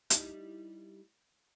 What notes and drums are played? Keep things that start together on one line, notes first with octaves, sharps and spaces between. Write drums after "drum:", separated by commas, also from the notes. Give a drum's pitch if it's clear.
G3 D#4 E4, drum: hi-hat